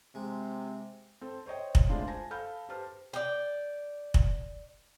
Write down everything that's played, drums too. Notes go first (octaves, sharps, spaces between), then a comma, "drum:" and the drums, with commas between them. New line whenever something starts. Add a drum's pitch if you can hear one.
C3 G#3
C4 A4
C5 C#5 D#5 G5
drum: kick
G#3 A3 C4 D4 E4 F4
C5 G#5 A5 A#6
A4 F5 A5 B5 F6 G6
G4 B4 C5 A5 F6
D5 G5
drum: kick